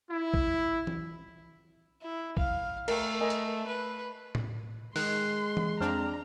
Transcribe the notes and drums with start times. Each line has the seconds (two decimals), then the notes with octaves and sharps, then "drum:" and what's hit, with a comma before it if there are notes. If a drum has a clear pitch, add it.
0.11 E4
0.34 drum: kick
0.87 drum: tom E3
2.01 E4
2.37 F5, drum: kick
2.88 A3 A#4 G5, drum: cymbal
3.21 A#4 D#5 G#5
3.30 drum: hi-hat
3.67 B4
4.35 drum: tom A2
4.96 D#3 G#3 C6 F#6, drum: open hi-hat
5.57 drum: tom E3
5.80 F2 C4 D4 A#5 F6